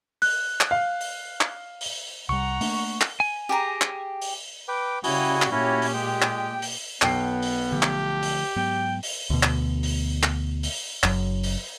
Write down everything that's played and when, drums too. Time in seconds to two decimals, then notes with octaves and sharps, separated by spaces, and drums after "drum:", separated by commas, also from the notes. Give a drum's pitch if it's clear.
0.22 F#6, drum: open hi-hat
0.61 drum: clap
0.71 F5
1.01 drum: open hi-hat
1.41 drum: clap
1.81 drum: open hi-hat
2.29 C2 G3 F#5 A#5 C#6
2.61 A3 A#3 D4, drum: open hi-hat
3.01 drum: clap
3.20 G#5
3.49 G4 G#4 A#5
3.81 drum: clap
4.22 drum: open hi-hat
4.68 B4 G5 D6
5.04 C#3 G3 E4 F#4 G#5 D#6, drum: open hi-hat
5.42 drum: clap
5.52 A#2 C#4 E4 F#4 G4 C#5
5.82 drum: open hi-hat
5.94 G#3 G5
6.22 drum: clap
6.62 drum: open hi-hat
7.02 B1 B3 G5 C7, drum: clap
7.42 drum: open hi-hat
7.72 D3 F3 A3 G4
7.82 drum: clap
8.23 drum: open hi-hat
8.56 G#2 F#3 B3 G5
9.03 drum: open hi-hat
9.30 D2 B2
9.43 drum: clap
9.83 drum: open hi-hat
10.23 drum: clap
10.63 drum: open hi-hat
11.03 F#1 F#2, drum: clap
11.43 drum: open hi-hat